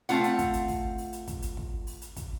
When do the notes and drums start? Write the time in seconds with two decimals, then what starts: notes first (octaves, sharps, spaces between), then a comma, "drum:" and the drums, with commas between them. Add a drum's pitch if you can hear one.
0.09 A3 C4 F4 F#5, drum: open hi-hat
0.24 drum: hi-hat
0.39 drum: kick, hi-hat
0.53 drum: hi-hat
0.68 drum: kick, open hi-hat
0.98 drum: open hi-hat
1.13 drum: hi-hat
1.27 drum: kick, hi-hat
1.42 drum: hi-hat
1.57 drum: kick
1.87 drum: open hi-hat
2.02 drum: hi-hat
2.16 drum: kick, hi-hat